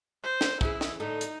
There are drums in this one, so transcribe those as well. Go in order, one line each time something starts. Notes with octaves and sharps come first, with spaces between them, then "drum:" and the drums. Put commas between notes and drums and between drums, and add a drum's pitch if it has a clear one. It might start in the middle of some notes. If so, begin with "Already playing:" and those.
C5
drum: snare
C#3 E3 E4 G#4, drum: kick
drum: snare
A2 D3 D#4 A4
drum: hi-hat